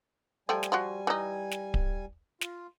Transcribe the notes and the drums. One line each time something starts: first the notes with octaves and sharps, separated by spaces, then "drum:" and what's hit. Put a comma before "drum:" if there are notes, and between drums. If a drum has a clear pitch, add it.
F3 G3 A3 G5 G#5
drum: snare
F3 F4 F#4
E3 D#4
drum: snare
drum: kick D1
F4, drum: snare